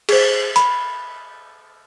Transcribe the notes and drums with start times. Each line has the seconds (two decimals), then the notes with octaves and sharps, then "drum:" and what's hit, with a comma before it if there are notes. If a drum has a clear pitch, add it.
0.09 G#4 C5, drum: cymbal
0.56 B5, drum: hi-hat